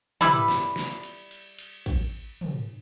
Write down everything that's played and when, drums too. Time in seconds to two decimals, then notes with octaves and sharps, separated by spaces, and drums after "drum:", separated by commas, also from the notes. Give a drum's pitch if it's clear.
0.21 G3 E4 B4, drum: tom
0.48 drum: snare
0.76 drum: snare
1.03 drum: cymbal
1.31 drum: cymbal
1.59 drum: cymbal
1.86 drum: kick, cymbal
2.41 drum: tom